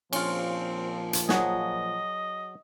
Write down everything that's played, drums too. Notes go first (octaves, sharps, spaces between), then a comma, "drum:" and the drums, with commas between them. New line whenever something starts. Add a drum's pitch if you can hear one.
A#2 F3 C4 C#4 F4, drum: cymbal
drum: hi-hat
F#3 F#4 G#4 D#5, drum: snare